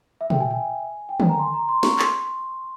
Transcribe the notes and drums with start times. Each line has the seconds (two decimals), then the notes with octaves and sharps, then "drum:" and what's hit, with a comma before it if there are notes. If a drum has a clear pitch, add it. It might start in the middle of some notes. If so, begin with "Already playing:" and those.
0.21 E5
0.30 G5, drum: tom
0.40 G#5
0.51 G#5
1.09 G5
1.20 G#5, drum: tom
1.29 A#5
1.39 C6
1.54 A#5
1.69 C6
1.83 C#6, drum: snare
1.99 C6, drum: clap